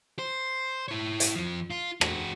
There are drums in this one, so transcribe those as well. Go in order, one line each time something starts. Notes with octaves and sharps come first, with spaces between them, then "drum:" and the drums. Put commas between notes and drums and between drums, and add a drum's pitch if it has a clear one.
C5
E4 C#5
drum: hi-hat
F2 F3
F4
G#3 F#4, drum: rim click